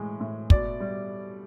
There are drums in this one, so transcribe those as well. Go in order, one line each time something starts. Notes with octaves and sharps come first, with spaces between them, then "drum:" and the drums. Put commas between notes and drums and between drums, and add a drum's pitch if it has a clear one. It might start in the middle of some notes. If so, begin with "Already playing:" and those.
Already playing: A2 E3 G#3
A2
B2 D5, drum: kick
G3